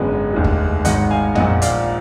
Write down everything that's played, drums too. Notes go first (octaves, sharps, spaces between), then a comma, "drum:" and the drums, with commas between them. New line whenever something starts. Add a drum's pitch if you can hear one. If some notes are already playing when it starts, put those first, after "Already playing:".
Already playing: G#1 F#2 D3 G#3 B3
F1 D#2 D3 G#3
drum: kick
G#1 G#2 D#3 D#5 F#5, drum: hi-hat
F5 G#5
A#1 A#2 F3 D#5 F#5, drum: tom
D5 F5, drum: hi-hat